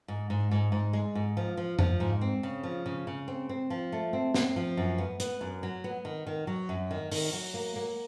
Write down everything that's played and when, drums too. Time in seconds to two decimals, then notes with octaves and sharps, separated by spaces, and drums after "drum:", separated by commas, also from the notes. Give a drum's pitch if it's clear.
0.08 G#2
0.30 G#2
0.51 G#2
0.72 G#2
0.93 G#3
1.15 G#2
1.37 F3
1.57 F3
1.79 F3, drum: tom F2
2.00 G#2
2.21 C4
2.43 C#3
2.63 F3
2.86 C#3
3.07 C#3
3.28 C4
3.49 C4
3.70 F3
3.92 A3
4.13 C4
4.34 C4, drum: snare
4.56 F3
4.77 F#2
4.98 B3
5.20 B3, drum: hi-hat
5.41 F#2
5.63 F#3
5.84 B3
6.05 D#3
6.27 D#3
6.47 F#3
6.69 F#2
6.91 D#3
7.12 D#3, drum: open hi-hat
7.33 F#3
7.54 A#3
7.76 A#3